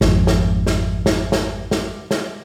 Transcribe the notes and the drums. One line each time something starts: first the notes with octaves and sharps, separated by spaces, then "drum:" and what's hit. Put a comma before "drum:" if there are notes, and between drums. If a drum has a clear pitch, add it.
G#1 F2, drum: snare
drum: snare
drum: snare
drum: snare
drum: snare
drum: snare
drum: snare